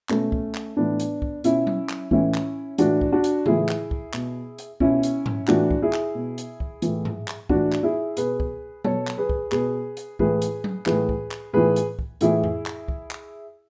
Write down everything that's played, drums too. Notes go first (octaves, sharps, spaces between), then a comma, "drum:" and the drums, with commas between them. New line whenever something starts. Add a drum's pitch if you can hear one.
B2 A3 C#4, drum: clap
drum: kick C2
drum: clap
A2 E3 B3 D4
drum: hi-hat
drum: kick C2
B2 C#4 E4, drum: hi-hat
drum: tom F#3
drum: clap
A2 E3 C#4 E4, drum: kick C2
drum: clap
A2 E3 D4 F#4, drum: hi-hat
drum: kick C2
D4 F#4
drum: hi-hat
A2 E3 E4 G#4, drum: tom C#3
drum: clap
drum: kick C2
B2, drum: clap
drum: hi-hat
B2 C#4 E4, drum: kick C2
drum: hi-hat
drum: tom G#2
A2 E3 D4 F#4, drum: clap
drum: kick C2
E4 G#4
drum: clap
B2
drum: hi-hat
drum: kick C2
A2 E3, drum: hi-hat
drum: tom G#2
drum: clap
A2 E3 D4 F#4, drum: kick C2
drum: clap
E4 G#4
B2 G#4 B4, drum: hi-hat
drum: kick C2
B2 A4 C#5, drum: tom F#3
drum: clap
G#4 B4
drum: kick C2
B2 G#4 B4, drum: clap
drum: hi-hat
A2 E3 G#4 B4, drum: kick C2
drum: hi-hat
drum: tom F#3
A2 E3 G#4 B4, drum: clap
drum: kick C2
drum: clap
A2 E3 G#4 B4
drum: hi-hat
drum: kick C2
A2 E3 E4 G#4, drum: hi-hat
drum: tom F2
drum: clap
drum: kick C2
drum: clap